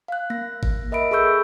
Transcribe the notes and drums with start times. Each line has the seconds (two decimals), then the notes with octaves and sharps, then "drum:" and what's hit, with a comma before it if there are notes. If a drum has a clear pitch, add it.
0.08 F5 F#6
0.30 A#3 A#6
0.63 drum: kick G#1
0.92 A#4 D#5 E5 B5 D7
1.11 G#4 A4 B5 C#6 E6 G6